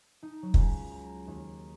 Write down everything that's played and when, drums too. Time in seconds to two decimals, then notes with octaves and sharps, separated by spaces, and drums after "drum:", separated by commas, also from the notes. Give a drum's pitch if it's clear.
0.23 D#4
0.42 F#3
0.54 C#2, drum: kick
0.91 A#5
1.27 D#2